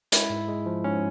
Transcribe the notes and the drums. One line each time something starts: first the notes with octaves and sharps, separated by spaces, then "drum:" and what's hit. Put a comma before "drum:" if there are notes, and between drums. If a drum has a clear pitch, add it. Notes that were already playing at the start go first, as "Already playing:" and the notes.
G#3 E4, drum: hi-hat
G#2
G#3
F3
G#2 C#4